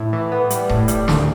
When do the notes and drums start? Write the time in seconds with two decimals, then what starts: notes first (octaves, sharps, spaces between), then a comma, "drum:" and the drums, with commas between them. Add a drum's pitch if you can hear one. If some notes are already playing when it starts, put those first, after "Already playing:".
Already playing: A2
0.13 E3
0.32 B3
0.50 G3, drum: hi-hat
0.69 A2, drum: kick D#1
0.88 G3, drum: hi-hat
1.08 D2, drum: snare